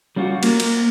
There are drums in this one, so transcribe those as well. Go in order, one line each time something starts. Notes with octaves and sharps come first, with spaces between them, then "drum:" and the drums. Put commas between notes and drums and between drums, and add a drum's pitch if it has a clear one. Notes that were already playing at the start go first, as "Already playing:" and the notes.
G3 C#4 F4 F#4
A#3, drum: cymbal
drum: cymbal